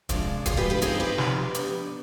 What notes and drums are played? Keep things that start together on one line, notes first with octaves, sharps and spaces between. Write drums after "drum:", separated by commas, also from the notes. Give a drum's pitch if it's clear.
C3 F3 G#3 D4, drum: kick, hi-hat
F4 G#4, drum: kick, hi-hat
G4 B4
G4 B4
F3 C4 D#4 G#4 C5, drum: hi-hat
G4 B4
drum: snare
B2 B3 D4, drum: hi-hat